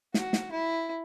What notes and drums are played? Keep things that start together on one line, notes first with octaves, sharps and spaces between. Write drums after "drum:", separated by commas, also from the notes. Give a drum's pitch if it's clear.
F#4, drum: snare
drum: snare
E4